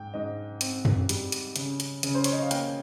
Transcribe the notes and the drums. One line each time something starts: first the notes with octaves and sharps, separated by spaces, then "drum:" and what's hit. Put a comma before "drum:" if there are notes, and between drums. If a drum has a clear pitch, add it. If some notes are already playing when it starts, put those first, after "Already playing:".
Already playing: G#2 G5
G#2 D#5
C4, drum: hi-hat
drum: tom
G3, drum: hi-hat
drum: hi-hat
C#3, drum: hi-hat
drum: hi-hat
C#3, drum: hi-hat
C5
C#5, drum: hi-hat
D#5
F5
A#3 G5, drum: hi-hat